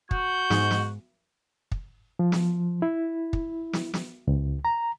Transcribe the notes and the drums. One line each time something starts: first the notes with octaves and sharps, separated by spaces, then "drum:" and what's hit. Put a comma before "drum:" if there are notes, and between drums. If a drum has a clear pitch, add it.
F#4 G6, drum: kick
G#2, drum: snare
drum: snare
drum: kick
F3
drum: snare
E4
drum: kick
drum: snare
drum: snare
C#2
A#5